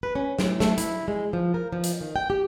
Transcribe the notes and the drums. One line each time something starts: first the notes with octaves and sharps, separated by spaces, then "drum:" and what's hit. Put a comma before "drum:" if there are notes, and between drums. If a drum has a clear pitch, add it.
B4
C#4
A2, drum: snare
A3, drum: snare
E4, drum: hi-hat
G#3
F3
A#4
F3
drum: hi-hat
D#3
G5
G4